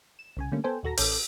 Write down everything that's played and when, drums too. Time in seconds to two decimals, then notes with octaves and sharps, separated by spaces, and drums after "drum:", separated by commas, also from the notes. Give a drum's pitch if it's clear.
0.19 E7
0.37 C2 C#3 G#5
0.52 D3 G3 A3 A#3 C#4
0.64 B3 A4 C5 G5 G#5
0.83 A#1 D#2 F#4 A4 A#5 A#6
0.97 A1 C#4 A4 D6 G6, drum: open hi-hat